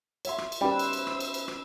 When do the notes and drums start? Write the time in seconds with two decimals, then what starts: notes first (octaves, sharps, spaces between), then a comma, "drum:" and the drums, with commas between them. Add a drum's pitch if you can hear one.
0.25 C#5 E5 C6, drum: cymbal
0.38 drum: rim click
0.52 drum: cymbal
0.61 G3 C#4 D#4 B4 C5 E6
0.79 drum: cymbal
0.93 drum: cymbal
1.07 drum: rim click
1.20 drum: cymbal
1.34 drum: cymbal
1.48 drum: rim click